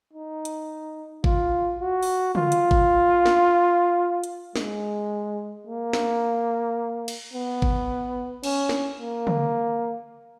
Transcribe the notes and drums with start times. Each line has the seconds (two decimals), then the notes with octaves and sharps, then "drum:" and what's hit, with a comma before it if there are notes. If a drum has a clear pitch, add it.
0.13 D#4
0.45 drum: hi-hat
1.24 F4, drum: kick G#1
1.80 F#4
2.03 drum: open hi-hat
2.35 F4, drum: tom
2.52 drum: hi-hat
2.71 drum: kick G#1
3.26 drum: snare
4.24 drum: hi-hat
4.56 G#3, drum: snare
5.67 A#3
5.93 drum: snare
7.08 drum: cymbal
7.33 B3
7.62 drum: kick G#1
8.43 C#4, drum: cymbal
8.69 drum: snare
8.99 A#3
9.27 drum: tom